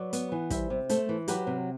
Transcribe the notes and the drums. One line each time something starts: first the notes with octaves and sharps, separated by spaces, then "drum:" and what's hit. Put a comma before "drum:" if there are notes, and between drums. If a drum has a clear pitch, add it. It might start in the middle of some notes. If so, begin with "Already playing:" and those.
Already playing: F#3 B4 D5
B3, drum: hi-hat
E3
G3 C5 E5, drum: kick, hi-hat
C3
A3 A4 C5, drum: hi-hat
E3
F#3 G4 B4, drum: hi-hat
C3